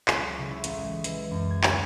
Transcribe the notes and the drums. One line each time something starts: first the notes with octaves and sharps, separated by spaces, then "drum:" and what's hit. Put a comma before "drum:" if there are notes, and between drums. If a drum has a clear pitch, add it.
C#2, drum: clap
F#3
C#3
E4
A1, drum: hi-hat
G#3
E3, drum: hi-hat
F#2
G#6
D2, drum: clap